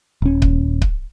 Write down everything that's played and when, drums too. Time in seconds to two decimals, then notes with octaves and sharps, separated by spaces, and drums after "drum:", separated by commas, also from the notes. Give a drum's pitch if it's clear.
0.22 D#1 C#4
0.42 drum: kick C#1
0.82 drum: kick C#1